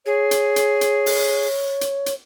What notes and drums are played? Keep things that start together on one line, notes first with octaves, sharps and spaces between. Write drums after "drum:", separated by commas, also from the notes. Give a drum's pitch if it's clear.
G#4 C#5
drum: hi-hat
drum: hi-hat
drum: hi-hat
drum: open hi-hat
drum: hi-hat
drum: hi-hat